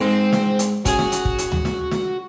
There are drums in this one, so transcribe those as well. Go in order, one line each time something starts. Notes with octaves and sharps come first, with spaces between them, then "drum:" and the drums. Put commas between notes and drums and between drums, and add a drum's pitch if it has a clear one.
G#2 C4
drum: snare
drum: hi-hat
C#4 F#4 G#4, drum: kick, hi-hat
drum: snare
drum: hi-hat
drum: kick
drum: hi-hat
drum: tom D2
drum: snare
drum: snare